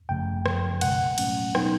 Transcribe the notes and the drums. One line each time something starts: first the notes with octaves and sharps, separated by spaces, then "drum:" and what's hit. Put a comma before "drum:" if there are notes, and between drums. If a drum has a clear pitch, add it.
G#1 F#2 C#3 F3 A3 G5
F#2 C#3 F3, drum: rim click
C2 B2 G#3 F#5, drum: cymbal
A2 F#3 A3 C#4, drum: cymbal
B2 F#3 B3 D#4 G5, drum: rim click